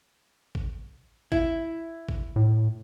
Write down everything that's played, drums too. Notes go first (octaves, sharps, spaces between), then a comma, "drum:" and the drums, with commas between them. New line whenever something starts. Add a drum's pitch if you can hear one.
drum: kick A1
E4, drum: kick A1
drum: kick A1
A2